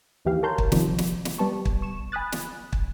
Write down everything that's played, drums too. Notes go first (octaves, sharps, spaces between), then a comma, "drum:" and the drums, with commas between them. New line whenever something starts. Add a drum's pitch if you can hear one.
D#2 D#3 E3 G4 F5
A#4 C#5 A5 A#5 C6 G6
drum: kick
C3 D#3 F3 G3, drum: snare
drum: snare
drum: snare
G3 B3 A5 C#6
drum: kick
C#6 E7
G#5 B5 D#6 F#6 A6
drum: snare
drum: kick